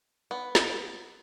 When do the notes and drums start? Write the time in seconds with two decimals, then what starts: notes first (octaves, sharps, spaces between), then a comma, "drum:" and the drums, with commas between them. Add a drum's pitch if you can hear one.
0.31 B3
0.55 drum: snare